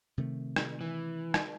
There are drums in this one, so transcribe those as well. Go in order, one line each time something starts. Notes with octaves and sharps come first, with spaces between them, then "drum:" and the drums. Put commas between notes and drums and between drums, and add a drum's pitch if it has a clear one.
C3 D#3 A3
drum: rim click
E3
drum: rim click